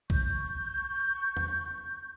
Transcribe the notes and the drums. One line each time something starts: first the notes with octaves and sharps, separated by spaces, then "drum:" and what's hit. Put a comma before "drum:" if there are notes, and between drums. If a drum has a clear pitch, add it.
C#6 G6, drum: kick B1
drum: tom E2